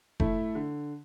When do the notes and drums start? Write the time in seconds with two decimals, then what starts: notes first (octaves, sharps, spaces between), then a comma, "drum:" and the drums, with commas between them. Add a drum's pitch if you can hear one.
0.20 A3 E4, drum: kick F1
0.55 D3